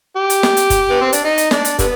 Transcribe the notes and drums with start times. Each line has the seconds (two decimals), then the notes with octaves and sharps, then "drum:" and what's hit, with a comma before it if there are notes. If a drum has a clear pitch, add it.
0.16 G4
0.30 drum: hi-hat
0.43 drum: snare
0.57 drum: hi-hat
0.70 drum: kick, hi-hat
0.90 B3
1.01 C4
1.13 D4, drum: hi-hat
1.24 D#4
1.38 drum: hi-hat
1.51 D4, drum: snare
1.65 drum: hi-hat
1.79 D3 G3 B3, drum: kick, hi-hat